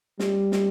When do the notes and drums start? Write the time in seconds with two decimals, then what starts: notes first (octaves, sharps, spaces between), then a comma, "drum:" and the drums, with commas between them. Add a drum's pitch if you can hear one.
0.19 G3, drum: snare
0.52 drum: snare